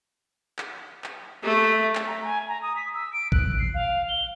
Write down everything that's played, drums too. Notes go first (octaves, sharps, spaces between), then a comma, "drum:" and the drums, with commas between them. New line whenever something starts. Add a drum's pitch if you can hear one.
drum: clap
drum: clap
A3
drum: clap
A#5
G#5
A#5
D#6
B6
E6
D7
F#6, drum: kick
C7
F5
G7